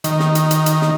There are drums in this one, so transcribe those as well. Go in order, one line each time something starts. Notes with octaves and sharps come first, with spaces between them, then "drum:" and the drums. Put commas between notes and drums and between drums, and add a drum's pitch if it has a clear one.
D#3, drum: hi-hat
drum: snare
drum: hi-hat
drum: hi-hat
drum: hi-hat
drum: snare